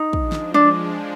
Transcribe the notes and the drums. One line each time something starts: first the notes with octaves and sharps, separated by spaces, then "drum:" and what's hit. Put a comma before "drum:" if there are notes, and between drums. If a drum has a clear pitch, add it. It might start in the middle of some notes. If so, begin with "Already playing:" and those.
Already playing: D#4
F3 G#3 D4, drum: kick
drum: snare
D4